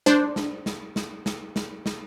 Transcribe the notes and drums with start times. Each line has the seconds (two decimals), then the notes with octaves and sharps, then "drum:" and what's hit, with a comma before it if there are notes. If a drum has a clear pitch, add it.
0.06 D4 C5, drum: snare
0.36 drum: snare
0.66 drum: snare
0.96 drum: snare
1.26 drum: snare
1.56 drum: snare
1.86 drum: snare